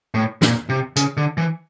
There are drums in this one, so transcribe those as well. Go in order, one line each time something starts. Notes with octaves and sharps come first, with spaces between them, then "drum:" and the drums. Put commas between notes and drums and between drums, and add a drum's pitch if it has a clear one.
A2
A#2, drum: snare
C3
C#3, drum: hi-hat
D3
E3